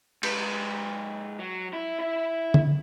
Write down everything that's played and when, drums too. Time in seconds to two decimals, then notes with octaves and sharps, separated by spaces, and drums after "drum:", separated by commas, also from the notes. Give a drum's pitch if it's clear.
0.23 G#2 B4, drum: cymbal
1.39 F#3
1.73 E4
1.99 E4 E5
2.54 drum: tom D3